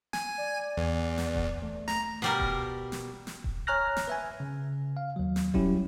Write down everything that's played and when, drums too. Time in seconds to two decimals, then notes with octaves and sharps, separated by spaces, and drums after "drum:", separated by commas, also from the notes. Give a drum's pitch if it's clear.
0.13 G#5, drum: snare
0.38 D5
0.78 E2
1.18 drum: snare
1.35 drum: kick D#1
1.62 A3
1.88 A#5, drum: snare
2.22 B2 G3 A#4, drum: snare
2.40 drum: kick D#1
2.92 drum: snare
3.27 drum: snare
3.44 drum: kick D#1
3.67 C#5 G#5 A#5 F6 F#6 A#6
3.96 drum: snare
4.07 B4 E5 G#5
4.40 C#3
4.97 F5
5.16 D#2 F#3
5.36 drum: snare
5.54 F#3 G3 C#4 E4 F#4 G4, drum: kick D#1